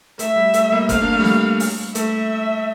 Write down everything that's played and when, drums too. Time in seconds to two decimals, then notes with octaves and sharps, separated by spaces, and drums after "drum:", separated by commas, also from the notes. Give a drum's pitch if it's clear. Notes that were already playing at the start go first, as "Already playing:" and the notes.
0.19 A3 E5, drum: hi-hat
0.36 G3
0.54 A3, drum: hi-hat
0.72 G3 A#3
0.89 A3 C4 F5, drum: kick F#1, hi-hat
1.01 A#3 D4
1.13 A3
1.20 G3
1.24 A3, drum: snare
1.60 drum: open hi-hat
1.95 A3 E5, drum: hi-hat